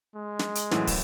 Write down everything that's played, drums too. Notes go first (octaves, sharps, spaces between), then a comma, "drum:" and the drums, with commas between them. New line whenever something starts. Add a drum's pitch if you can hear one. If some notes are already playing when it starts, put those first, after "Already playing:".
G#3
drum: snare
drum: hi-hat
F#2 A2 E3, drum: snare
drum: kick, open hi-hat